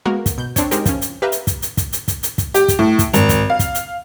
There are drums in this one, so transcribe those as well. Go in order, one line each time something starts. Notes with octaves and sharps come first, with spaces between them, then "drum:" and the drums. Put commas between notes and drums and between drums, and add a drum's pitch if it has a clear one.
G#3 A#3 B3 F#4 A#4
drum: kick, hi-hat
B2 G6
C4 D4 C5 C#5, drum: kick, hi-hat
G#3 C4 D#4 G4 A#4, drum: hi-hat
F3 C#4, drum: kick, hi-hat
drum: hi-hat
G4 B4 E5 F5 A#5
drum: hi-hat
drum: kick, hi-hat
drum: hi-hat
drum: kick, hi-hat
drum: hi-hat
drum: kick, hi-hat
drum: hi-hat
drum: kick, hi-hat
G4, drum: hi-hat
drum: kick, hi-hat
A2
drum: kick, hi-hat
G#1, drum: hi-hat
drum: kick, hi-hat
F5
drum: kick, hi-hat
drum: hi-hat